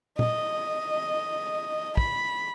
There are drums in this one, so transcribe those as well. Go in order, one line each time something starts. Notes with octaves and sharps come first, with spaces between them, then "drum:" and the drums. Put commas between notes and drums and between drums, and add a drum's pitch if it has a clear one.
D#5, drum: tom A#2
B5, drum: kick